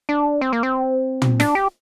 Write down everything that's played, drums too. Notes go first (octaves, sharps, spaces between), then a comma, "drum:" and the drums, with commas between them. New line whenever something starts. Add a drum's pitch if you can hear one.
D4
C4
A#3
C4
drum: tom
D4, drum: snare
G4